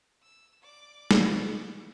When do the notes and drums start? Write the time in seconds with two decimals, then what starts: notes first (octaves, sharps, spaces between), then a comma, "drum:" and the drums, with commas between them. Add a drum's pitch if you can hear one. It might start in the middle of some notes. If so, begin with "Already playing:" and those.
0.23 E6
0.63 D5 D6
1.11 drum: snare